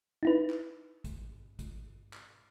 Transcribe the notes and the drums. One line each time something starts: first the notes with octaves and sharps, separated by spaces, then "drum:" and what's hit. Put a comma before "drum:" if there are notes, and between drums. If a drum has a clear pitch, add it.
D#4 E4 B4
drum: clap
drum: kick G#1, hi-hat
drum: kick G#1, hi-hat
drum: clap